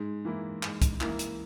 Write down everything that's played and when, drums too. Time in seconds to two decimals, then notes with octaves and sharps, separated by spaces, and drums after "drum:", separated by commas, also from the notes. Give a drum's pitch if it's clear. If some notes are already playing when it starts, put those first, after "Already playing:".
Already playing: G#2
0.25 E3 A#3 E4
0.63 G#2, drum: clap
0.82 drum: kick C2, hi-hat
1.01 E3 A#3 E4, drum: clap
1.19 drum: hi-hat